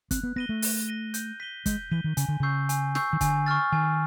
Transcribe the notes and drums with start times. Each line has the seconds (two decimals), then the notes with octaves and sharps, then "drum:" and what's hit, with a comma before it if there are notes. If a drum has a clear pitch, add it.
0.11 C4 F#6, drum: kick, hi-hat
0.23 B3
0.36 B3 A#6 D#7 G7
0.49 A3
0.62 F#6, drum: open hi-hat
0.87 A#6 D#7 G7
1.14 G6, drum: hi-hat
1.40 B6 D#7 G7
1.66 G#3 G6, drum: kick, hi-hat
1.91 E3 B6 D#7 G7
2.04 D#3
2.17 C#3 G#5, drum: hi-hat
2.28 D3
2.40 C#3 C#6 E6 G6 C7
2.69 G#5, drum: hi-hat
2.95 C#6 E6 G6 C7, drum: snare
3.13 D#3
3.21 D3 G#5, drum: kick, hi-hat
3.46 C#6 F6 A6
3.72 D#3 G#5